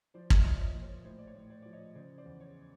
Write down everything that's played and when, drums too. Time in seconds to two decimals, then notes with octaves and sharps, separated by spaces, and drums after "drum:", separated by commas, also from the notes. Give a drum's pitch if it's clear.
0.14 F3 C5 D5
0.30 D#5, drum: kick
0.37 D5 E5
0.45 F3
0.54 D5
0.60 C#5 D#5
0.72 A#2 C5
0.82 C#5
1.05 A2 C5
1.18 D5
1.27 C#5
1.35 A2
1.50 C5 D5
1.62 F3 D5
1.73 C#5 D#5
1.95 C#3 C5 D5
2.18 C5 D5
2.25 E2
2.40 C#5